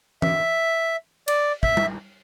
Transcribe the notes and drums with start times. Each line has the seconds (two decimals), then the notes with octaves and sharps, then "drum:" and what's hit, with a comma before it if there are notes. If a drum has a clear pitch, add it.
0.22 E5, drum: tom E3
1.28 D5, drum: cymbal
1.63 E5, drum: kick
1.77 drum: tom G3